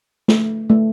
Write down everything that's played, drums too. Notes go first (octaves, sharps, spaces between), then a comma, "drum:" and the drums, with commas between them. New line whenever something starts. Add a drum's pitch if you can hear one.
A3, drum: snare
A3